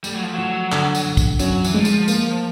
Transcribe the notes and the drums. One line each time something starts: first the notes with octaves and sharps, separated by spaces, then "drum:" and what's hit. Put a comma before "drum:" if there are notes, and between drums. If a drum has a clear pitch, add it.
G3 A3, drum: tambourine
F#3
F3
F3 F#3
D3, drum: clap
drum: tambourine
D3
drum: kick, tambourine
F#2 F#3, drum: tambourine
E3, drum: tambourine
F3 G#3
drum: tambourine
A#3, drum: tambourine